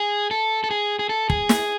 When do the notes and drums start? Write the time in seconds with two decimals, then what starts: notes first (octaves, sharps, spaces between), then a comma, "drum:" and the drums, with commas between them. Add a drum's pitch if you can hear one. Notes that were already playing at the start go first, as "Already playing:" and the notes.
Already playing: G#4
0.31 A4
0.64 A4
0.71 G#4
0.99 G#4
1.09 A4
1.30 G#4, drum: kick
1.49 drum: snare